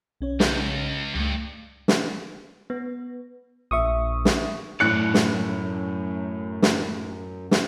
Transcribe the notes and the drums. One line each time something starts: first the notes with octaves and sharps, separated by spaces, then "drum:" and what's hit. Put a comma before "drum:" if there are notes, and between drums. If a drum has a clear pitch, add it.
B1 C#4 C#5
C#2, drum: snare
C#2 G2 A3
drum: snare
B3
A#1 E5 C#6 D#6
drum: snare
F#2 A2 D5 F#6 C#7
drum: snare
drum: snare
drum: snare